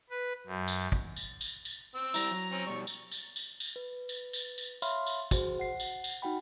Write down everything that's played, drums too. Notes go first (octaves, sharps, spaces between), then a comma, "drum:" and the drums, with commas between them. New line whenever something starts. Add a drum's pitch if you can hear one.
B4
F#2
drum: tambourine
drum: kick
drum: tambourine
drum: tambourine
drum: tambourine
C4 E6
G3 E4 A#5, drum: tambourine
F#3
C4 C#4
B2 G3 C#5
drum: tambourine
drum: tambourine
drum: tambourine
drum: tambourine
B4
drum: tambourine
drum: tambourine
drum: tambourine
C#5 E5 F5 B5 C6 F6, drum: tambourine
drum: tambourine
F#4 G#4 C5, drum: kick, tambourine
F#5 C7
drum: tambourine
drum: tambourine
D#4 F#4 F#5 G5 B5